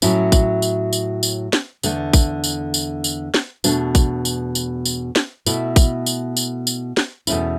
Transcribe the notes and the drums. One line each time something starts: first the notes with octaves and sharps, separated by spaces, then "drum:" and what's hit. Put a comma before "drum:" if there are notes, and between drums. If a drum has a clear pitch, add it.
A2 F#3 C#4 E4, drum: tambourine
drum: kick A1, tambourine
drum: tambourine
drum: tambourine
drum: tambourine
drum: snare
E2 D3 A3, drum: tambourine
drum: kick A1, tambourine
drum: tambourine
drum: tambourine
drum: tambourine
drum: snare
E2 B2 A3 D4, drum: tambourine
drum: kick A1, tambourine
drum: tambourine
drum: tambourine
drum: tambourine
drum: snare
B2 A3 E4, drum: tambourine
drum: kick A1, tambourine
drum: tambourine
drum: tambourine
drum: tambourine
drum: snare
E2 B2 A3 C#4 E4, drum: tambourine